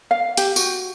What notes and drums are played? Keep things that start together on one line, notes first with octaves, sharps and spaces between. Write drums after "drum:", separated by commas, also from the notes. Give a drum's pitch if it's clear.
F5
G4, drum: hi-hat
F#4, drum: tambourine